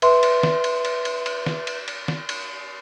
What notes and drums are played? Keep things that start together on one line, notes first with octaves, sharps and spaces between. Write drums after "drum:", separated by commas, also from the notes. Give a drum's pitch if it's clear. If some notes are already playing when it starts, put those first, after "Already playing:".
B4 E5 C6, drum: cymbal
drum: cymbal
drum: snare
drum: cymbal
drum: cymbal
drum: cymbal
drum: cymbal
drum: snare
drum: cymbal
drum: cymbal
drum: snare
drum: cymbal